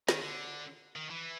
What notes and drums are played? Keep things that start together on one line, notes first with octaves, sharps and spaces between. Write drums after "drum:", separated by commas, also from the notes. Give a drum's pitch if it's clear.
D#3, drum: snare
D3
D#3
E3